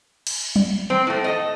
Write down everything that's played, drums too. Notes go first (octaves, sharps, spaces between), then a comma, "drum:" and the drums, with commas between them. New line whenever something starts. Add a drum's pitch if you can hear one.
drum: cymbal
drum: tom F#3
C4
A2 A3
A4 D#5